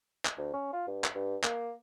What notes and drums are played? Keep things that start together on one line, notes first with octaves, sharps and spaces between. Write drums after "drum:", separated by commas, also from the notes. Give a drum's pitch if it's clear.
drum: clap
D2
C#4
F4
G2
drum: clap
G2
A#3, drum: clap